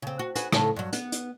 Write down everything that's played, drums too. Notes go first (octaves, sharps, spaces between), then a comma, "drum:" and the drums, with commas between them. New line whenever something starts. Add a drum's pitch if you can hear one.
C#3 C4
F#4
F#4 G#4 B4, drum: hi-hat
A2 C#3 A4, drum: rim click
G2 F#3
B3, drum: hi-hat
drum: hi-hat